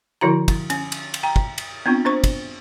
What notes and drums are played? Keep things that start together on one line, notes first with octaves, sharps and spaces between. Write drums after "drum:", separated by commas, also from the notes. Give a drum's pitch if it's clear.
D3 F3 E4 F#4 A#5
drum: kick, cymbal
C#4, drum: cymbal
drum: cymbal
drum: cymbal
G5 A#5
drum: kick
drum: cymbal
B3 C4 D4 F4
D4 C5 C#6
drum: kick, cymbal